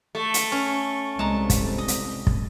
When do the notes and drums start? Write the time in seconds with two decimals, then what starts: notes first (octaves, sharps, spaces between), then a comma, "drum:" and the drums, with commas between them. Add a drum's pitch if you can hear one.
0.15 A3
0.34 drum: hi-hat
0.52 C#4
1.19 C2 G#3 C4 A5 A#5
1.50 drum: kick, hi-hat
1.78 D#5
1.88 drum: hi-hat
2.27 drum: kick